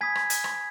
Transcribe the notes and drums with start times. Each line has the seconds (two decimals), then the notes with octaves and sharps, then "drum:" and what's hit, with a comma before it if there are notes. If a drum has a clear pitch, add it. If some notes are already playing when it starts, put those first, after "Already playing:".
0.01 G#5 B5 D#6 G#6 B6
0.15 drum: rim click
0.30 drum: hi-hat
0.44 drum: rim click